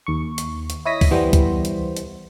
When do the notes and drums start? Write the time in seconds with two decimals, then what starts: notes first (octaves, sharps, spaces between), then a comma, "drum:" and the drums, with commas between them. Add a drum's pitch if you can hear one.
0.07 D#2 C#6
0.38 drum: hi-hat
0.70 drum: hi-hat
0.86 E4 C#5 D#5 D#6 A#6 B6
1.01 drum: kick C2, open hi-hat
1.11 E3 G3 B3 E4 C5
1.33 drum: kick C2, hi-hat
1.65 drum: hi-hat
1.97 drum: hi-hat